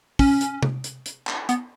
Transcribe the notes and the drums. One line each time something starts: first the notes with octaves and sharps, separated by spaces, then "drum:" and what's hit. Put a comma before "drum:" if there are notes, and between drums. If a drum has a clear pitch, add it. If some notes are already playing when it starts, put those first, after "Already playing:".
C#4, drum: kick, open hi-hat
drum: hi-hat
drum: tom C3
drum: hi-hat
drum: hi-hat
drum: clap
B3, drum: hi-hat